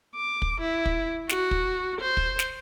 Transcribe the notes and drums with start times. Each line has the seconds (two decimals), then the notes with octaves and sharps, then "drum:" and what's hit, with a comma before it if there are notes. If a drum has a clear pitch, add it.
0.15 D6
0.42 drum: kick
0.60 E4
0.86 drum: kick
1.29 F#4, drum: snare
1.51 drum: kick
2.01 C5
2.17 drum: kick
2.39 drum: snare